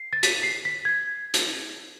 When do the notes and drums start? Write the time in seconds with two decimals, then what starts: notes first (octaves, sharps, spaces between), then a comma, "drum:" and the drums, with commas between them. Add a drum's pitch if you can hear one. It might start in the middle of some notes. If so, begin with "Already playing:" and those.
Already playing: C7
0.13 A6
0.23 B6, drum: hi-hat
0.43 C7
0.65 B6
0.85 G#6
1.34 drum: hi-hat